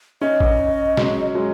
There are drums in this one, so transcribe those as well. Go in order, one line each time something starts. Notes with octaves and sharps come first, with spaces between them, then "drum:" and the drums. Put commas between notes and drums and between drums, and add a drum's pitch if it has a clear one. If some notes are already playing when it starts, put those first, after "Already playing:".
C#4 D#4 D#5
drum: kick A1
F#3 G#3, drum: snare
F#3 G#3